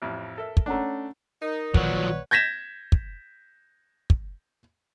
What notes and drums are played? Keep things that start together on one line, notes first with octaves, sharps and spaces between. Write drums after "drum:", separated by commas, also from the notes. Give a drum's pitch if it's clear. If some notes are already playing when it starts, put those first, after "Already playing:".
A1 F2 A2
A4 A#4 E5
drum: kick
A3 C#4 D4 F#5 A#5
D#4 A#4
A#1 D#3 F3 F#3 B4 C#5 D5 F#5, drum: kick
G6 G#6 A#6 B6 E7
drum: kick
drum: kick